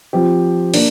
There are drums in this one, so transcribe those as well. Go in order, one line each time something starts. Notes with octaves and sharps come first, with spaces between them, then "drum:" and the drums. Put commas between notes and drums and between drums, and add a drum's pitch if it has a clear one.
F3 C4 G4
A#3 D4, drum: open hi-hat